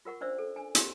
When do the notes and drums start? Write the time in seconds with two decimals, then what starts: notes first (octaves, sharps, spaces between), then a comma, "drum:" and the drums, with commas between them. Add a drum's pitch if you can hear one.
0.05 F4 A#4 F#5 C#6
0.21 C#4 D4 C5 D5 E5 E6
0.39 A4
0.56 D4 G#5
0.75 F#4 G4, drum: hi-hat